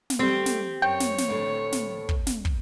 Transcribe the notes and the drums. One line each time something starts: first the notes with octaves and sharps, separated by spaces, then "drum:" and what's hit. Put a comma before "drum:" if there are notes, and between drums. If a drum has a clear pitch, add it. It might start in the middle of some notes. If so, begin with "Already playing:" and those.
drum: snare
G3 A3 C4 G4
drum: snare
F#2 C#5 G5
drum: snare
drum: snare
D2 A2 A3
drum: snare
drum: kick
drum: snare
drum: kick